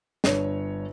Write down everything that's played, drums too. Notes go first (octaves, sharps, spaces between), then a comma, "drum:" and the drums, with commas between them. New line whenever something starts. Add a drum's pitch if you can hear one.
G1 D4 C#5, drum: snare